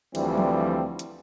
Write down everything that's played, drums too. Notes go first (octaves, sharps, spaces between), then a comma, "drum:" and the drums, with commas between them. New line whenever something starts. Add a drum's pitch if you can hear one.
D2 E3 F3 G3 C4, drum: cymbal
drum: tom F3
drum: hi-hat